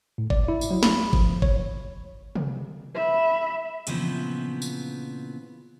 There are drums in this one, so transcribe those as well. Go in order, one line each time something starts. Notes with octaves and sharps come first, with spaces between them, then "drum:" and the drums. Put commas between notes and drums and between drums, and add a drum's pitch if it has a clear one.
A2
D5, drum: kick G1
E4
drum: tambourine
F#3
B5, drum: snare
F3, drum: kick G1
C#5, drum: kick G1
drum: tom
E5 B5
A#2 C#3 E3 F3 B3 C4, drum: hi-hat
drum: tambourine